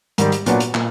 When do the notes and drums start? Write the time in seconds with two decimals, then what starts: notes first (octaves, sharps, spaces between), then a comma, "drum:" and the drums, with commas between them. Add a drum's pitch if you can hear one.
0.18 G#2 D#3 G3, drum: hi-hat
0.32 drum: hi-hat
0.46 A#2 F#3 B3 D4 F#4, drum: hi-hat
0.60 drum: hi-hat
0.75 A#2, drum: clap